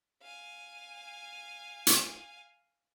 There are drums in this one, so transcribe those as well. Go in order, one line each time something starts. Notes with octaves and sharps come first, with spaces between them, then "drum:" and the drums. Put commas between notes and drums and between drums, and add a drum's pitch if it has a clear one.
F5 G#5
drum: hi-hat